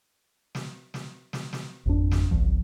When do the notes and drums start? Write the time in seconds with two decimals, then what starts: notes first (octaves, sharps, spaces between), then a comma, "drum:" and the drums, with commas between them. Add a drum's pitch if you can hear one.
0.55 drum: snare
0.94 drum: snare
1.33 drum: snare
1.53 drum: snare
1.86 G#1 F2 D4
2.11 drum: snare
2.31 G1 C2 F3